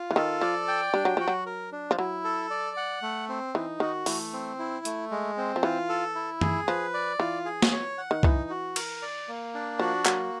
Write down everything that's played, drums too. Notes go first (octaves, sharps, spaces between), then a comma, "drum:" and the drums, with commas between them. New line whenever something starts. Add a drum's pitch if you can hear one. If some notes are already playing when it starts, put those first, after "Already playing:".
Already playing: F4
E3
D#3 A4
F3 D5
G5
G3 D4
F#3
F3 F#4
F#3
A#4
D4
F3
F#3 E4
A4
D5
F#5
A3
C4
E3 D#4
D#3 F#4
E3 A3, drum: open hi-hat
C4
E4
A3, drum: hi-hat
G#3
C4
F3
E3 F4
A4
E4
G#4, drum: tom
F3 B4
D5
E3 F4
G#4
drum: snare
C#5
F#5
D#3
E3 D#4, drum: kick C2
F#4
A#4, drum: cymbal
D5
A#3
D4
F3 F#4
F#3 A#3, drum: clap